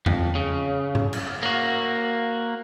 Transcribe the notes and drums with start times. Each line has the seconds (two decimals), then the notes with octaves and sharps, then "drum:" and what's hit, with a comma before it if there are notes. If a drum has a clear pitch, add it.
0.06 F2, drum: tom E2
0.35 C#3
0.95 drum: tom G#2
1.13 drum: cymbal
1.43 A#3 F#4